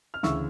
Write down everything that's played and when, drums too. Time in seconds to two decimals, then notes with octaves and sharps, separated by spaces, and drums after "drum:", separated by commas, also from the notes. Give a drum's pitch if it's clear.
0.14 F6
0.23 D2 C#3 E3 C#6 E6, drum: snare